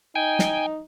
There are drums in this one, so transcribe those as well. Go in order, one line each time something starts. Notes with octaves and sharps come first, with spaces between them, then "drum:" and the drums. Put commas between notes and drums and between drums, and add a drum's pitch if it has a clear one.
D#4 G5 G#5
drum: snare